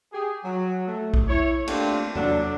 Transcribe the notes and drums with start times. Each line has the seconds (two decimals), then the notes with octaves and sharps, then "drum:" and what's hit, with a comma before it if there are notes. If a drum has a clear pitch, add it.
0.13 G4 G#4
0.44 F#3
0.87 A3
1.14 drum: kick
1.28 E4 C#5
1.68 A3 A#3 C4 D4 F4 G4, drum: cymbal
2.15 F#3 D4 A4, drum: tom E2